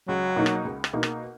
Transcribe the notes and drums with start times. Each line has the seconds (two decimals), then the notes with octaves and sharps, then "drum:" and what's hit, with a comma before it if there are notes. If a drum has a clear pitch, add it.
0.08 C#2 F#3
0.36 B2 A#3 D#4
0.46 drum: rim click
0.65 C#2
0.84 drum: rim click
0.93 B2 A#3 D#4
1.03 drum: rim click